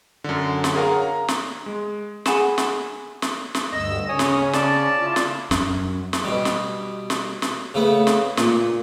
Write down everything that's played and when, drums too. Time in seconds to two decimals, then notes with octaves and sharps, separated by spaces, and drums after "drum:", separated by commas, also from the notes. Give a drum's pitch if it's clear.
0.24 F#2 D3
0.64 drum: snare
0.75 G#4 A#4 C#5 F5 F#5 A#5
1.02 A#5
1.28 drum: snare
1.66 G#3
2.26 G#4 F#5 G#5 B5 E7, drum: snare
2.58 drum: snare
3.22 drum: snare
3.55 drum: snare
3.72 D2 G2 D#5 E6
4.09 C#3 C#4 C#5 G#5 D#6
4.19 drum: snare
4.53 D5 A5, drum: snare
4.96 E4 F4
5.16 drum: snare
5.51 F#2, drum: snare
6.13 drum: snare
6.24 B2 G3
6.45 drum: snare
7.10 drum: snare
7.42 drum: snare
7.74 C#3 A3 B3
8.07 drum: snare
8.37 A#2, drum: snare